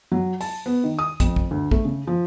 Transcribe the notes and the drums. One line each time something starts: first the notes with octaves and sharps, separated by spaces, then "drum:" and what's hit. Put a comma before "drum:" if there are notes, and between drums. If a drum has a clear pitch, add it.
F#3
A5, drum: open hi-hat
B3
D#3
D#6
F2, drum: kick, hi-hat
drum: kick
D2
A3, drum: kick
C#3
F3